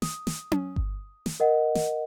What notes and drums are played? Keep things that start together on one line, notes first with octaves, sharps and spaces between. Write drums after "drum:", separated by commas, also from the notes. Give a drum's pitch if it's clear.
D#6, drum: snare
drum: snare
drum: tom C#4
drum: kick G1
drum: snare
A#4 D#5 F#5
drum: snare